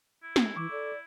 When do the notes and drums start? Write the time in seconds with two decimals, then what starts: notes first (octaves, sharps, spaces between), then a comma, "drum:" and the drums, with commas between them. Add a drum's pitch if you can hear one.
0.23 E4
0.36 drum: snare
0.56 E3 C#6 D6 E6
0.71 A4 D5